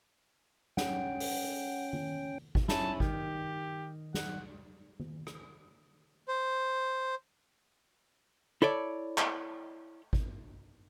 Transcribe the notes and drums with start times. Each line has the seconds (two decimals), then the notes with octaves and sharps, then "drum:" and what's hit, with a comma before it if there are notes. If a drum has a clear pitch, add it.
0.77 C#4 F#5 G5, drum: snare
1.20 drum: open hi-hat
1.93 drum: tom D#3
2.55 drum: kick G#1
2.68 C#4 E4 A5, drum: snare
3.00 D#3 G4, drum: kick G#1
4.14 F#5, drum: snare
5.00 drum: tom D#3
5.27 drum: rim click
6.28 C5
8.62 E4 A4 C#5 D5
9.18 drum: clap
10.13 drum: kick G#1